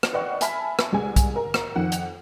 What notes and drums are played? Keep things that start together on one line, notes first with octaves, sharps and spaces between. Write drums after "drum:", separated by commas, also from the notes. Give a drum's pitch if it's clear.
drum: rim click
B4 D5 D#5 F#5 G5 C#6
E5 G#5 A5 B5 F6 B6, drum: hi-hat
drum: rim click
C2 G#3 G#5
drum: kick, hi-hat
A#4
drum: rim click
F2 D#3 F#5
drum: hi-hat